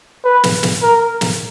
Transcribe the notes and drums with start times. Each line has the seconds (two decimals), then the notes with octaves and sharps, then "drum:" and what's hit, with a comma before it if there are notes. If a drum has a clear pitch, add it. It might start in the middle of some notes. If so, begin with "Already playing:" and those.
0.24 B4
0.44 drum: snare
0.63 drum: snare
0.82 A#4
1.21 drum: snare